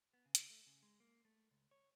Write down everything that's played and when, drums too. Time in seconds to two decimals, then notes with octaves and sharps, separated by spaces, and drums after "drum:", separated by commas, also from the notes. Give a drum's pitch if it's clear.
0.13 B3
0.26 C#3
0.35 drum: hi-hat
0.50 A3
0.67 C#3
0.83 G#3
1.00 A#3
1.25 A3
1.51 C#2
1.71 C#5